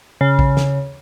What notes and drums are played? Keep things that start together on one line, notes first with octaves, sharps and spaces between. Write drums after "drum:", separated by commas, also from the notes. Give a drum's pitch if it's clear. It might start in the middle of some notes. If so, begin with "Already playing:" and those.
C#3
drum: kick A#1
drum: snare